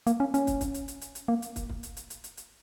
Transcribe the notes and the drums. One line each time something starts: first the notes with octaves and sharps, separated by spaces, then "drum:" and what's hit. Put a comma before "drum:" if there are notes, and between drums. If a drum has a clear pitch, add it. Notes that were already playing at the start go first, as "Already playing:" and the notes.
A#3, drum: hi-hat
C#4
C#4, drum: hi-hat
drum: kick, hi-hat
drum: kick, hi-hat
drum: hi-hat
drum: hi-hat
drum: hi-hat
drum: hi-hat
A#3
drum: hi-hat
drum: kick, hi-hat
drum: kick
drum: hi-hat
drum: hi-hat
drum: hi-hat
drum: hi-hat
drum: hi-hat